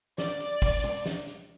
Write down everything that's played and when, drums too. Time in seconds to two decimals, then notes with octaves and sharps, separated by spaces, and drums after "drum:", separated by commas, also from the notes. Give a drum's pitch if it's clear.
0.18 D5, drum: snare
0.40 drum: hi-hat
0.62 drum: kick, open hi-hat
0.84 drum: tom B2
1.06 drum: snare
1.27 drum: hi-hat